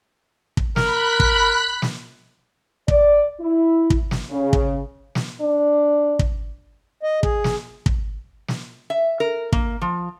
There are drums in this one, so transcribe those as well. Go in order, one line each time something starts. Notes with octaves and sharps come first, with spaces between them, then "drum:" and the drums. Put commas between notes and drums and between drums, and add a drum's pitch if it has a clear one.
drum: kick
A#4 B5 F#6 B6, drum: snare
drum: kick
drum: snare
D5, drum: kick
E4
drum: kick
drum: snare
C#3
drum: kick
drum: snare
D4
drum: kick
D#5
G#4, drum: kick
drum: snare
drum: kick
drum: snare
E5
A#4
A#3, drum: kick
F3